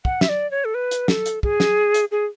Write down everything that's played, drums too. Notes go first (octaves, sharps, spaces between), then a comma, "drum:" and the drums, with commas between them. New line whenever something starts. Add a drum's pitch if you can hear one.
F#5, drum: kick
E5, drum: snare
D5
C#5
A4
B4
drum: hi-hat
A4, drum: snare
drum: hi-hat
G#4, drum: kick
drum: snare
drum: hi-hat
G#4